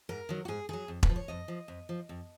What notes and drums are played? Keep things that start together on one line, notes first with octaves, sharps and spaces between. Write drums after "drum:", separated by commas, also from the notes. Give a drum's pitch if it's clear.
G#2 A#4
D#3 F#3
F#4
G#2 G#4
D#3 F#3 G#4
F2
B4, drum: kick E1
F3
C#5
F2 D#5
F3
F2
F3
F2